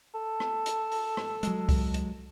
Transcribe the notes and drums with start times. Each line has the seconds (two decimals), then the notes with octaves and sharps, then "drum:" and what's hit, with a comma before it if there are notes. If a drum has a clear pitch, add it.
0.14 A4
0.40 drum: rim click
0.66 drum: hi-hat
0.92 drum: open hi-hat
1.17 drum: rim click
1.43 F#3 G#3, drum: hi-hat
1.69 drum: kick C2, open hi-hat
1.94 drum: hi-hat